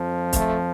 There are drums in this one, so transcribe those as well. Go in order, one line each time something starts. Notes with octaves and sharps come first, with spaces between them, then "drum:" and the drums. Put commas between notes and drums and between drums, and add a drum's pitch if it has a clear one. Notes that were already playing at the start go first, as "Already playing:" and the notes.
Already playing: F2 F3
A3, drum: kick, hi-hat